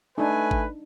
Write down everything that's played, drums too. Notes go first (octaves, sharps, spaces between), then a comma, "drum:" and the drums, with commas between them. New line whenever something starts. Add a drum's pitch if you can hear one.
A3 D4 D#4 B4 G#5
drum: kick G#1